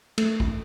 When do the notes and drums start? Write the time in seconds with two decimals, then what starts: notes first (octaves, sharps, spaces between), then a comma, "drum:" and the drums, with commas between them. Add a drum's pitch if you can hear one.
0.18 A3, drum: cymbal
0.40 drum: kick A#1